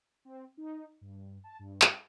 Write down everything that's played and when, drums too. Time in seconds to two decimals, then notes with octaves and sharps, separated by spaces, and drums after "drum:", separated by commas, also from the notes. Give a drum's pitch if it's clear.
0.25 C4
0.57 D#4
1.01 G2
1.44 A5
1.59 G2
1.82 drum: clap